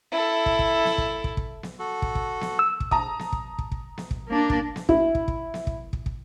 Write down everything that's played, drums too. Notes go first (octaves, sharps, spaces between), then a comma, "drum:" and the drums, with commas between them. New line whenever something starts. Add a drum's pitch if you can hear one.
E4 A4
drum: kick
drum: kick
drum: snare B3
drum: kick
drum: kick
drum: kick
drum: snare B3
F#4 A4
drum: kick
drum: kick
drum: snare B3
E6
drum: kick
A5 A#5 D#6, drum: kick
drum: snare B3
drum: kick
drum: kick
drum: kick
drum: snare B3
drum: kick
A#3 D4
drum: kick
drum: snare B3
E4, drum: kick
drum: kick
drum: kick
drum: snare B3
drum: kick
drum: kick
drum: kick